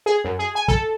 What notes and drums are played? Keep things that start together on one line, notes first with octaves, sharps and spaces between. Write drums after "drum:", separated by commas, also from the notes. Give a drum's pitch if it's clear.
G#4
F#2
G#4
G#5
A4, drum: kick